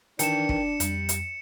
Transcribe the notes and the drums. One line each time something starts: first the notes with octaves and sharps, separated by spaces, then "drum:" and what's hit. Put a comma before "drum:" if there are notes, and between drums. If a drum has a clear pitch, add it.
D#3 E3 D4 A#4 G5 A5 C#7 E7, drum: hi-hat
drum: kick
F2 G3, drum: hi-hat
drum: hi-hat